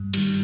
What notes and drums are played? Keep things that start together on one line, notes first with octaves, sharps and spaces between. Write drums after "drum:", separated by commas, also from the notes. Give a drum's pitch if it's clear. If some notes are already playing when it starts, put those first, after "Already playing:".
Already playing: G2
D#3 G3, drum: cymbal